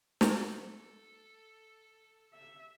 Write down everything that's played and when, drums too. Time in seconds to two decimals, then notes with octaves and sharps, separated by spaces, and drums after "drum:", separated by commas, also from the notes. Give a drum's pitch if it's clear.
0.21 A4, drum: snare
2.33 E5